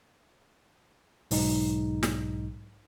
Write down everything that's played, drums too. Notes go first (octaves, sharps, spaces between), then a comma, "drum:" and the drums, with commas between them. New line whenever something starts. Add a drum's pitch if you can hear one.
B1 G#2 D#4, drum: open hi-hat
drum: snare